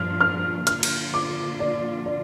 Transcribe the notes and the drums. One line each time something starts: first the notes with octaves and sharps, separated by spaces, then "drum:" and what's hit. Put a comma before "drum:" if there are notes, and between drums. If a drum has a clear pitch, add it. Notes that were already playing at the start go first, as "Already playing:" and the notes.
Already playing: G2 F3 D4 F4 F6
F6
D3 F3 A#3 F4 F6, drum: hi-hat
drum: cymbal
D6
D5
D5